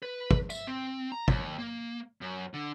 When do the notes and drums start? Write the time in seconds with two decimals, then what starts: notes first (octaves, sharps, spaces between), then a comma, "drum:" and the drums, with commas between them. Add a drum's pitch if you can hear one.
0.03 B4
0.31 drum: kick
0.50 E5, drum: tambourine
0.67 C4
1.12 A#5
1.28 D#2, drum: kick
1.58 A#3
2.21 F#2
2.54 D3